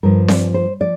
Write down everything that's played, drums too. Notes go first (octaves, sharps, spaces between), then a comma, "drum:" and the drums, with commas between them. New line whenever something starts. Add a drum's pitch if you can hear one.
G2 F3 A#4
D5, drum: snare C4
C5
F3 D5